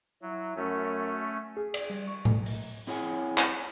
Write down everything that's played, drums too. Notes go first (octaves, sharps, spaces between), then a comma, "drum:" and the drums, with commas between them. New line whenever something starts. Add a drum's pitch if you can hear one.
F#3 E4
F#2 A3 C#4
G#4
D5, drum: cymbal
G3
C#6
A3, drum: tom A2
drum: open hi-hat
C4 E4 G#4 C#5 F#5 G#5
drum: clap